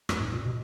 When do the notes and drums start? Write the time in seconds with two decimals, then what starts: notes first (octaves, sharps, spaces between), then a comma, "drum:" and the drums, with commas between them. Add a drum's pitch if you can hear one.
0.09 F#2, drum: rim click
0.20 G#2
0.33 A#2
0.46 B2